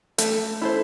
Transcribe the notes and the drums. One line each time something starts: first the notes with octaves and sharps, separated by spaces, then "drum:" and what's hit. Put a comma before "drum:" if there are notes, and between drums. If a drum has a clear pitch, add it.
A3, drum: hi-hat
E4 A4 C5